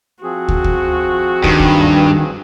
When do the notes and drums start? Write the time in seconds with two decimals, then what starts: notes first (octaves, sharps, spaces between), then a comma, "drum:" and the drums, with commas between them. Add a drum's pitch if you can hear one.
0.24 F3 C4 F#4 G#4
0.48 drum: kick
0.64 drum: kick
1.44 G2 D#3, drum: kick
1.60 drum: kick